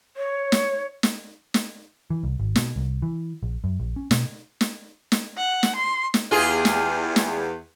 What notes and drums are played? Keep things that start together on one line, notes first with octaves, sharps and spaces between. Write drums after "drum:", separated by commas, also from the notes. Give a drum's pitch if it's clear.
C#5
drum: snare
drum: snare
drum: snare
E3
C2
G#1
B2, drum: snare
C2
E3
A#1
F#2
A#1
C#4
B2, drum: snare
drum: snare
drum: snare
F#5
drum: snare
C6
drum: snare
E2 F4 G4 G#4
drum: snare
drum: snare